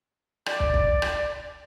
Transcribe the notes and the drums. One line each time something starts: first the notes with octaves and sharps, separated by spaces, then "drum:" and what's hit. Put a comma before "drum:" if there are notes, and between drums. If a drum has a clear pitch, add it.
D5, drum: rim click
drum: kick
drum: kick
drum: rim click